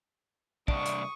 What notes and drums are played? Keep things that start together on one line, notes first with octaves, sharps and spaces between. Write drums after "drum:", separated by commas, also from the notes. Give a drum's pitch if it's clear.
C2 D4 C#6 D#6, drum: kick
drum: hi-hat